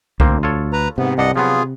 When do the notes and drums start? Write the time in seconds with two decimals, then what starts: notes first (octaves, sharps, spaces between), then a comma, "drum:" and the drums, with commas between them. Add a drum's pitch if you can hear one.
0.20 D2 A#3 C4 C5, drum: kick C2
0.43 F4 A4 C#5
0.73 B4 A#5
0.98 G#2 C3 B3
1.18 C2 G2 D4 D#5 F#5
1.36 F3 F#3 B3 F4 G#4